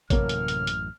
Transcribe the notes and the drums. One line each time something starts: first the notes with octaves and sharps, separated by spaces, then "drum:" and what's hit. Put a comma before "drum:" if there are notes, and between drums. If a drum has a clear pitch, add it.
A1 F#2 A2 C3 F#3 A#3 C#5 F6, drum: kick A1, hi-hat
drum: hi-hat
drum: hi-hat
drum: hi-hat